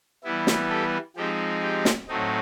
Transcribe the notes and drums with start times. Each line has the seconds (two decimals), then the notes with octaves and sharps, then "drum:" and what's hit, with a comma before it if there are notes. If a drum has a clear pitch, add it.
0.24 E3 G3 B3 E4
0.47 drum: snare
0.69 G4 A4
1.16 F3 G#3 C4 D#4 G4
1.62 G4
1.85 drum: snare
2.08 A2 F#3 A3 C4 D#4